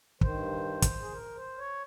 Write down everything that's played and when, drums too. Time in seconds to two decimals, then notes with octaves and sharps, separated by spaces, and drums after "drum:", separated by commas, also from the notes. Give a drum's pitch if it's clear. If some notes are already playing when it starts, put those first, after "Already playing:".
0.21 G2 D#3 C5, drum: kick
0.82 drum: kick, hi-hat
1.01 G#4
1.13 A#4
1.35 C5
1.58 C#5